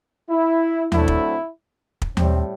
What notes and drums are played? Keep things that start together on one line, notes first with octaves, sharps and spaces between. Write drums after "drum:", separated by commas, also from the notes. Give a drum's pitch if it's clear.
E4
D2 D3 F#3 A3 C4 E4, drum: tom D#2
drum: kick
drum: kick
A2 G3 C4, drum: tom D#2